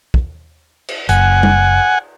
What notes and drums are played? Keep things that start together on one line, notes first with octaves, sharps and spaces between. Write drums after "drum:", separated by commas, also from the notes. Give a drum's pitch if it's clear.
drum: kick
drum: cymbal
F#1 F#5 G#5, drum: hi-hat
drum: tom